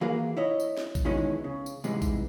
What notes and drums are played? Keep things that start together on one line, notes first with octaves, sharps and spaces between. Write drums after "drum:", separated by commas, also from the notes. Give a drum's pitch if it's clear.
E3 A#3 F#4 G#4 A#4 F5
E4 C#5 D#5
drum: tambourine
drum: snare
drum: kick A#1, tambourine
B2 D#3 E3 G#3 C#4 E4
C#3
drum: tambourine
G#2 C3 E3 G3 G#3, drum: tambourine
drum: kick A#1, tambourine